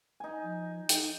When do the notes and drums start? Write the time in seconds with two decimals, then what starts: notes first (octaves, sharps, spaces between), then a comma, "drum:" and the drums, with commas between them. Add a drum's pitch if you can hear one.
0.20 D#4 G#5
0.43 F3
0.89 D#4 G5, drum: hi-hat